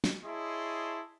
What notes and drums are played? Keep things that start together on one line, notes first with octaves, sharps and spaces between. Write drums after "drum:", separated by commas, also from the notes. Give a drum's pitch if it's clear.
drum: snare
E4 G#4 C#5 D#5 A5 C6